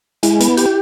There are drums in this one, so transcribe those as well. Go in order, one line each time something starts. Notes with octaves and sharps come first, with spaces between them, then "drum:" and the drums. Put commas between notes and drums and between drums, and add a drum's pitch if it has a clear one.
G#3 E4, drum: hi-hat
B3, drum: hi-hat
G4, drum: hi-hat